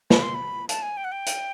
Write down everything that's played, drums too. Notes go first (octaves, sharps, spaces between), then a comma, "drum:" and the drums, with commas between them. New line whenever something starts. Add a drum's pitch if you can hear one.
B5, drum: snare
C6
B5
A5, drum: hi-hat
G#5
G5
F#5
G5
drum: hi-hat